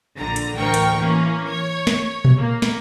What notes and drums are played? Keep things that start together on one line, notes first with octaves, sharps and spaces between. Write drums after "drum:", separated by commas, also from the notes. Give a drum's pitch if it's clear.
A#1 D3 A#5
drum: hi-hat
A1 D2 A#4 G5 C#6
drum: hi-hat
E3 A#3 C#4
C#5
drum: snare
drum: tom A#2
A#3
drum: snare